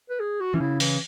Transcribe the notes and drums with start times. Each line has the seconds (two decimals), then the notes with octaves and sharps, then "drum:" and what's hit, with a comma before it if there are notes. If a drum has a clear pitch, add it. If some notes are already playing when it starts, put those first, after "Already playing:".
0.10 B4
0.20 G#4
0.41 F#4
0.54 E3 C#4
0.60 C#3 E4
0.80 E3, drum: open hi-hat